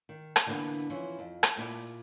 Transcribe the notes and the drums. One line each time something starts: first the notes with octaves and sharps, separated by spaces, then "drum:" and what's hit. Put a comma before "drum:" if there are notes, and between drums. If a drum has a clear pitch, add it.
D#3
drum: rim click
D3 E3 G3 A#3 B3 D4
E3 F3 C#4
F2
drum: rim click
A#2 E4 D5